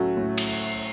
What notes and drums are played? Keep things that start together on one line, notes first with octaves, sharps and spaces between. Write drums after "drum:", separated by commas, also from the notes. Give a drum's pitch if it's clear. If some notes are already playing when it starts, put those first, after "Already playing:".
Already playing: A2 F#3 A3 C#4 F#4
A2
drum: cymbal